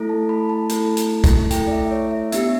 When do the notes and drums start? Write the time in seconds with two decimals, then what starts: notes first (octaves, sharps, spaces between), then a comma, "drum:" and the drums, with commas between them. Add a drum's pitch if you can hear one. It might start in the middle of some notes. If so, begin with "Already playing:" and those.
Already playing: A3 E4 A4
0.09 A5
0.29 B5
0.50 A5
0.69 A3 E4 A4, drum: hi-hat
0.97 drum: hi-hat
1.24 drum: kick, hi-hat
1.50 A3 E4 A4 G5, drum: hi-hat
1.67 D5
1.71 E5
1.91 C#5
2.11 E5
2.32 B3 D4 G4 E5, drum: hi-hat